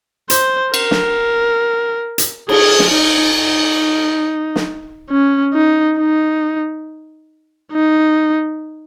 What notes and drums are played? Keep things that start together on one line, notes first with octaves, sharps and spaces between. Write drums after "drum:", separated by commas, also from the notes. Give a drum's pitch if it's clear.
C5, drum: hi-hat
A#4, drum: cymbal
drum: snare
drum: hi-hat
G#4, drum: cymbal
drum: snare
D#4
D#4
drum: snare
C#4
D#4
D#4
D#4